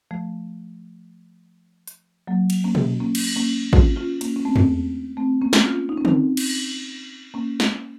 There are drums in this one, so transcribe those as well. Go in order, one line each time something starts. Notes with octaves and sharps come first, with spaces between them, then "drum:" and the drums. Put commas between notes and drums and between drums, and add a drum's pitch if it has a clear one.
F3 A3
drum: hi-hat
F#3 A#3
drum: cymbal
A#3 C#4
drum: tom B2
A#3 C#4
drum: cymbal
A#3 C#4
C#4 F4, drum: kick G#1
C#4 F4
A#3 C#4, drum: cymbal
C#4
A3 C4
drum: tom E2
A3 C4
A#3 C#4
drum: snare
C#4 F4
D#4
C#4
C4 D#4, drum: tom D3
drum: cymbal
A#3 C#4
drum: snare